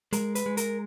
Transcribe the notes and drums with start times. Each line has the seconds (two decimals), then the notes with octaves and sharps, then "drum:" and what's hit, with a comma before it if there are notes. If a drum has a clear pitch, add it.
0.13 G#3 A#4, drum: hi-hat
0.35 B4, drum: hi-hat
0.46 G#3
0.57 A#4, drum: hi-hat